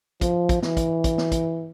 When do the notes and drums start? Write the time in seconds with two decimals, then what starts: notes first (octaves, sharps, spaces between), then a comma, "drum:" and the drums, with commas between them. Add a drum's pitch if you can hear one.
0.21 F3, drum: kick, hi-hat
0.49 drum: kick, hi-hat
0.62 E3, drum: snare
0.77 drum: kick, hi-hat
1.04 drum: kick, hi-hat
1.18 drum: snare
1.32 drum: kick, hi-hat